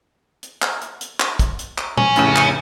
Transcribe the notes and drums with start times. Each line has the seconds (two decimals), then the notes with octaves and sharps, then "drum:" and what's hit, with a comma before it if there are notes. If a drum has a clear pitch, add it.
0.43 drum: hi-hat
0.62 drum: clap
0.81 drum: hi-hat
1.01 drum: hi-hat
1.20 drum: clap
1.39 drum: kick, hi-hat
1.59 drum: hi-hat
1.78 drum: clap
1.97 C#4, drum: tom A#2
2.16 F1 A2 C#3, drum: hi-hat
2.36 drum: clap